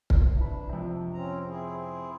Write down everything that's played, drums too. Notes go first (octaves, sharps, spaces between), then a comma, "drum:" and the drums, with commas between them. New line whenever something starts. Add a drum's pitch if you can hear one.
drum: kick
C3 E3 D4 B5
F2 C3
C4 C#4 A#5
C4 E4 G#4